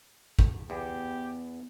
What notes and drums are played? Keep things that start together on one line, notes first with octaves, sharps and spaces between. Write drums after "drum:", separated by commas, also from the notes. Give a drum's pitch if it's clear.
drum: kick
E2 B3 G4